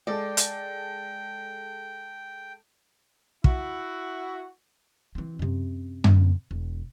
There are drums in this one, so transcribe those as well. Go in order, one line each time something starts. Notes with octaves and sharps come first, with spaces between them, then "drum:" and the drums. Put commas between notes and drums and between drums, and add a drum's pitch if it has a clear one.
G#3 A4 D5 G5
drum: hi-hat
E4 F#4, drum: kick
E3 C4
F#2 C3
drum: tom F#2
E1